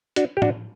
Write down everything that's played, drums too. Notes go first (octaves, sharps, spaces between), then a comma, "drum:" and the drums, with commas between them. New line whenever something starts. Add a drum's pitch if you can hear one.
D4 F#4, drum: hi-hat
G4
D4 F#4, drum: tom A2